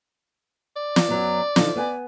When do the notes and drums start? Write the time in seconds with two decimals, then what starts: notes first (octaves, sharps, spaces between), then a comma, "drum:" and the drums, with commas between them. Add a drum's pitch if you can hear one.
0.76 D5
0.96 drum: snare
1.08 F#2 F#3 B3
1.56 D3 F3 D#4, drum: snare
1.76 B3 B4 G#5